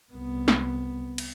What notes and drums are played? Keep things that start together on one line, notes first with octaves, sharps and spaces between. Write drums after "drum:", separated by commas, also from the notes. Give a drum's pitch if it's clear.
C2 B3
drum: snare
drum: cymbal